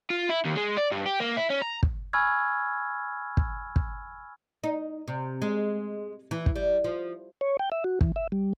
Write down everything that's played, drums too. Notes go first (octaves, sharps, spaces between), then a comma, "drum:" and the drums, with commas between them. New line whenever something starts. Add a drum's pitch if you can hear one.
F4
E4
D#2
G#3
D5
G2
G4
A#3
E4
C#4
A#5
drum: kick
G#5 B5 C#6 E6 F6 G#6
drum: kick
drum: kick
D#4
C3
G#3
E3
drum: kick
G3
F3
C#5
G5
E5
F#4
E3, drum: kick
E5
G3